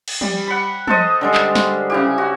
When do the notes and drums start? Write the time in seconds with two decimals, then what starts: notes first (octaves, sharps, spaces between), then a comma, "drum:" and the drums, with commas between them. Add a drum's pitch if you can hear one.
0.08 drum: cymbal
0.21 G3, drum: tom
0.47 F#5 B5
0.87 A4 C5 D#5, drum: tom
1.21 D3 G3 G#3
1.34 drum: clap
1.55 drum: snare
1.90 C#3 E4 G4
2.18 F#4